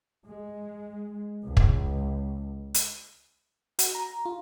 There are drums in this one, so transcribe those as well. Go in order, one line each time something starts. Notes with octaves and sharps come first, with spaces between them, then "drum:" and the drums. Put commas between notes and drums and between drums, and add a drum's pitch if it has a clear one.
G#3
C#2
drum: kick
drum: hi-hat
F#4, drum: hi-hat
A#5
F4